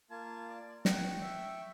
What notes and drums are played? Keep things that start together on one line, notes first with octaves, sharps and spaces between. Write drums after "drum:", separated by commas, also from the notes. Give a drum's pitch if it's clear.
A#3 F4 A5 G#6
D5
F#5 G5 C#6, drum: snare
E5